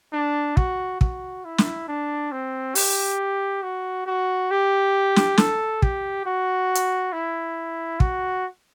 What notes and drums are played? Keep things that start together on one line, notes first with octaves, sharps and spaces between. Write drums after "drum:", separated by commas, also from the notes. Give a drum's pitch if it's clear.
D4
F#4, drum: kick
F#4, drum: kick
E4
drum: snare
D4
C4
G4, drum: open hi-hat
F#4
F#4
G4
drum: snare
A4, drum: snare
G4, drum: kick
F#4
drum: hi-hat
E4
F#4, drum: kick